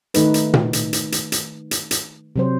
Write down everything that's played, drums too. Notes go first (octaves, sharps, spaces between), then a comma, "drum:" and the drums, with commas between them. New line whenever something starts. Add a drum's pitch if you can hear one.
D#3 A3 D#4 B4, drum: hi-hat
drum: hi-hat
drum: tom A#2
drum: hi-hat
drum: hi-hat
drum: hi-hat
drum: hi-hat
drum: hi-hat
drum: hi-hat
C3 F#3 C5